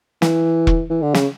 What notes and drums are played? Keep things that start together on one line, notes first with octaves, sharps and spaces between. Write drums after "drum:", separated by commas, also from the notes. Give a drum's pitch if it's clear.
E3, drum: snare
drum: kick E1
E3
D3
C#3, drum: snare